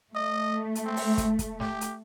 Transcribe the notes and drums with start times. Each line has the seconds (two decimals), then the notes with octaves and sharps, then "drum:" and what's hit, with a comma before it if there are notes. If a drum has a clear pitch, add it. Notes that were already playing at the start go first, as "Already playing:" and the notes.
0.15 A3 D#5
0.75 drum: hi-hat
0.85 C4
0.97 drum: open hi-hat
1.18 drum: kick, hi-hat
1.39 drum: kick, hi-hat
1.60 G4, drum: snare
1.81 drum: hi-hat